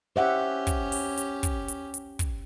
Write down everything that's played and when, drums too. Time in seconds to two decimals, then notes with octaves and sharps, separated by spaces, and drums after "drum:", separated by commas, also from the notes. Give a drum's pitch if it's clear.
0.16 C#4 G4 C5 E5 F#5
0.67 drum: kick, hi-hat
0.92 drum: open hi-hat
1.18 drum: hi-hat
1.43 drum: kick, hi-hat
1.68 drum: hi-hat
1.94 drum: hi-hat
2.19 drum: kick, hi-hat